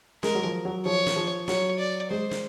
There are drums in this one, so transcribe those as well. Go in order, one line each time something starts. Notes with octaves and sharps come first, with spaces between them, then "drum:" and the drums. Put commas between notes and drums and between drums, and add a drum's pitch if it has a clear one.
G#3 A#4, drum: snare
F#3
F3
F#3
F3 C#5
drum: snare
F3
F#3 C#5, drum: snare
D5
G#3 C5
drum: snare